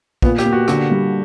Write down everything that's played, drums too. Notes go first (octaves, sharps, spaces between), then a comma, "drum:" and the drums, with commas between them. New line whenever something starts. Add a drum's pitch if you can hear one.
A#2 B3, drum: kick
G4, drum: rim click
A#3
F#4
D3 F#4, drum: rim click
G3